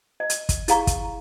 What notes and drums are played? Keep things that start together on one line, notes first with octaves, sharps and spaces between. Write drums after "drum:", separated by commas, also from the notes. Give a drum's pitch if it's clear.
D#5
drum: hi-hat
drum: kick, hi-hat
E4 G#4 F5 A#5 C#6, drum: hi-hat
drum: kick, hi-hat